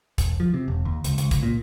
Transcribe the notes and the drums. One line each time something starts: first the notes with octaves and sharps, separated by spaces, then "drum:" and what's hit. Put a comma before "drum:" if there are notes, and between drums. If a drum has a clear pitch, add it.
E1, drum: kick, hi-hat
F3
C3
E1
D#2
C#2, drum: hi-hat
C#2, drum: hi-hat
C#2, drum: kick, hi-hat
A#2